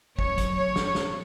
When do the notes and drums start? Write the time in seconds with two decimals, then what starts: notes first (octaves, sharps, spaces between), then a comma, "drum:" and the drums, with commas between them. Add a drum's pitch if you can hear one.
0.19 F#3 C#4 C#5, drum: kick
0.38 drum: kick, hi-hat
0.57 C#5
0.76 drum: snare
0.95 drum: snare